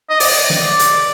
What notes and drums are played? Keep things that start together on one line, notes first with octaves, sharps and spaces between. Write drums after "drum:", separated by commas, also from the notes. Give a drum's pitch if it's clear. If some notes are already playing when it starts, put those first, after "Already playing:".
D#5
D5, drum: open hi-hat
drum: snare
drum: hi-hat